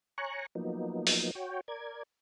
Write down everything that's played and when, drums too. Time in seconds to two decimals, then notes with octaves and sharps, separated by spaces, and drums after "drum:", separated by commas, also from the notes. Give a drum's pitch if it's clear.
0.18 C#5 G#5 A#5 C#6 F#6
0.55 F3 F#3 A#3 B3 D#4
1.07 drum: open hi-hat
1.35 F#4 C#5 G5
1.68 A#4 D5 G#6